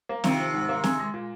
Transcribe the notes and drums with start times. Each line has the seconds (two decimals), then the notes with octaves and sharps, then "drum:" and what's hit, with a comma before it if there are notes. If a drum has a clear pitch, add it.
0.09 A#3
0.24 C3 D#3 F4, drum: snare C4
0.39 F3
0.54 G#2
0.69 A#3
0.84 G#4, drum: snare C4
0.99 G#3
1.14 A#2